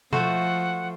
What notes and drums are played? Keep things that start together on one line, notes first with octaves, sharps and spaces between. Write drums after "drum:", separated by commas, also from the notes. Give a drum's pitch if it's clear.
F3 A3 F#4 C5 F#5, drum: tom B2